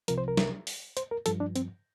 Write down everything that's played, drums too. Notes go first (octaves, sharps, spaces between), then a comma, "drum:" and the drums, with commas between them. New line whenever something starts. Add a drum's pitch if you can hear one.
C2 C3 F3 A#4, drum: hi-hat
C5
A#4
drum: snare
drum: open hi-hat
C5, drum: hi-hat
A#4
G2 F3 A4, drum: hi-hat
D4
C4, drum: hi-hat